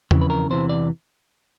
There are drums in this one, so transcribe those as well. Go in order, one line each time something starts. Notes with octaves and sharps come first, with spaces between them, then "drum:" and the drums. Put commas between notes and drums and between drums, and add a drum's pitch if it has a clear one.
F2 C#3 E3, drum: tom E2
B4
A#4
E2 C3 E3 C5
D5